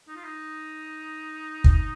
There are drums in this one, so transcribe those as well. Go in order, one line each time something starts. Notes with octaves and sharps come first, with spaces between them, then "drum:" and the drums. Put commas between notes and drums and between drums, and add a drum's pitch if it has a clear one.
D#4
F4
D#4
drum: kick